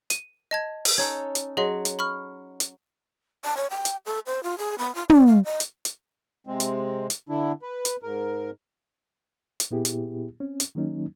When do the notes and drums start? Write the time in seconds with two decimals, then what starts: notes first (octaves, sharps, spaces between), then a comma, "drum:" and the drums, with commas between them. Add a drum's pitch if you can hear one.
0.10 D#7, drum: hi-hat
0.51 D#5 A5 G#6
0.85 drum: open hi-hat
0.98 C#4 D#4 A4 G#6
1.35 drum: hi-hat
1.57 F#3 G#4 D#5 C6
1.85 drum: hi-hat
1.99 B5 C#6 F6
2.60 drum: hi-hat
3.45 A5
3.57 C#5
3.70 G5
3.85 drum: hi-hat
4.06 A4
4.27 C5
4.43 F4
4.58 G#4
4.79 B3
4.95 F4
5.10 D5, drum: tom
5.27 F5
5.44 D#5
5.60 drum: hi-hat
5.85 drum: hi-hat
6.47 C3 G#3 C4
6.60 drum: hi-hat
7.10 drum: hi-hat
7.29 D3 D4 E4
7.62 B4
7.85 drum: hi-hat
8.03 G#2 A#4
9.60 drum: hi-hat
9.71 A#2 B3 E4 G4 G#4
9.85 drum: hi-hat
10.40 C4 C#4
10.60 drum: hi-hat
10.75 D#3 F#3 A#3 C#4 D#4